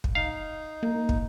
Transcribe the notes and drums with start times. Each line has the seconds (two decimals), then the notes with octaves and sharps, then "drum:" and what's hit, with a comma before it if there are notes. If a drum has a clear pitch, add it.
0.04 drum: kick
0.15 D#4 F5
0.83 A#3
1.09 drum: kick